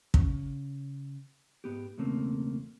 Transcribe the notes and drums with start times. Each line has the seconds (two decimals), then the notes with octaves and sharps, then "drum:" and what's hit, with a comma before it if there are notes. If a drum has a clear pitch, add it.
0.14 C#3, drum: kick
1.64 G#2 B3 G4
1.98 B1 E2 C#3 A3 A#3 C4